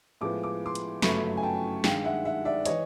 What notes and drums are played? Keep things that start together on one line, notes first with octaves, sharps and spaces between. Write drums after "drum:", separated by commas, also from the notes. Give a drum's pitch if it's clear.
A2 F3 G#3 B3 D6
D6
C6 D6
drum: hi-hat
G1 F#2 C#3 F#3 A3 B5 C#6, drum: snare
G#5
G5 A5
G2 D#3 G#3 F5 G5, drum: snare
E5 F#5
E5 F#5
D5 E5
E3 C#5 D#5, drum: hi-hat